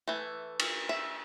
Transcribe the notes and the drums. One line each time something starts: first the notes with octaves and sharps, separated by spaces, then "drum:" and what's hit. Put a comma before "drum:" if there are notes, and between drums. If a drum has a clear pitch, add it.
E3 A3
drum: cymbal
E5